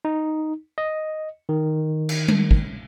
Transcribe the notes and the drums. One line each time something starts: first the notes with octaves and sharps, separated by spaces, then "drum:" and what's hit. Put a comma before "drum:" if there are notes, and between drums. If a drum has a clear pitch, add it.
D#4
D#5
D#3
drum: cymbal
drum: tom G3
drum: kick